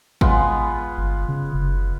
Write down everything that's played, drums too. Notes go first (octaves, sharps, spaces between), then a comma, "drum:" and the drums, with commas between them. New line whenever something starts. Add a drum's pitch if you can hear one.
G#3 B3 F4, drum: kick G#1
G1
C#3
F#1